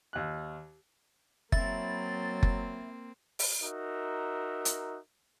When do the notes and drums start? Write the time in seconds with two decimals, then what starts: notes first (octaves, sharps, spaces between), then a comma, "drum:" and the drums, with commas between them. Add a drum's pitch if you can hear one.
0.13 D#2 F#6
1.52 F#3 A#3 C4 E4 A6, drum: kick F#1
2.43 drum: kick F#1
3.39 drum: open hi-hat
3.62 D#4 F#4 A#4 E5
4.65 drum: hi-hat